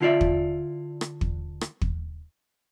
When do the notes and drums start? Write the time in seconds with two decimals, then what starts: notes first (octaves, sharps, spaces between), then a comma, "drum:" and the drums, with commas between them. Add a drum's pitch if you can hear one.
0.01 D3 E4 F4 C5 D5 E5
0.21 drum: kick
1.01 drum: rim click
1.21 drum: kick
1.61 drum: rim click
1.81 drum: kick